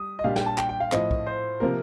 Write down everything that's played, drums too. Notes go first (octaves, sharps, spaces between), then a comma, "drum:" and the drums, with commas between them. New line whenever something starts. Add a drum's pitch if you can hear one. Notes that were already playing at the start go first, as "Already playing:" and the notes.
Already playing: G3 D#6
D#5
A#2 G3 D4 G4 F5
G5, drum: snare
A5
G5, drum: clap
G5
F5
A2 F3 A3 C4 D#5, drum: clap
drum: kick B1
C5
C3 F3 A#3 A#4